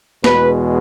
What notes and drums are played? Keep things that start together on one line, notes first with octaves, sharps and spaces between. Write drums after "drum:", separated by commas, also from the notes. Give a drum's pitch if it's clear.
E2 B2 G#3 B4, drum: snare